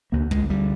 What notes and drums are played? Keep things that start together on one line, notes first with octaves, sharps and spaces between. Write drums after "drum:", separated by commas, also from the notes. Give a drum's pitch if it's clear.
D2 D3 A#3
G#3, drum: kick
G3